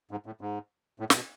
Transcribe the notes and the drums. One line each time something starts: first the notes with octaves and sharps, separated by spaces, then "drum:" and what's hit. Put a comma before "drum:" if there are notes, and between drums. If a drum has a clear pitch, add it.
G#2
A2
G#2
A2
A2, drum: snare
B2